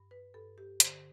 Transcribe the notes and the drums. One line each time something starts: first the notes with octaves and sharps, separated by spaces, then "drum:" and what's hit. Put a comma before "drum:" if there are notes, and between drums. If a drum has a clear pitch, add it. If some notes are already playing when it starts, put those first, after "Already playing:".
Already playing: G2
B4
G2 A4
G4
D3 C5, drum: hi-hat